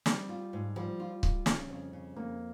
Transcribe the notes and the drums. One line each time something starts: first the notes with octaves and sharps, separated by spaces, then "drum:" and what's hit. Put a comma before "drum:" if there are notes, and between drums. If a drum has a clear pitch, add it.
G3 C4, drum: snare
F4
G#2
F3 G3
F4
F4, drum: kick C#1
C#3, drum: snare
F2
C#3
F2 A#3